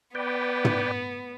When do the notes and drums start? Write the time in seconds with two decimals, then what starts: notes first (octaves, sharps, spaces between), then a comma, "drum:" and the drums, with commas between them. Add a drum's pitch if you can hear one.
0.15 B3 B4 D5 G5
0.65 drum: tom